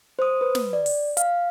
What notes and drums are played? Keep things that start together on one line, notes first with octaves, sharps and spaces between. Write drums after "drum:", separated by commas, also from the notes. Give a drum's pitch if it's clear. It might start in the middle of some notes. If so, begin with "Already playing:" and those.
C5 D#6
B4
drum: snare
D5
drum: open hi-hat
F5, drum: hi-hat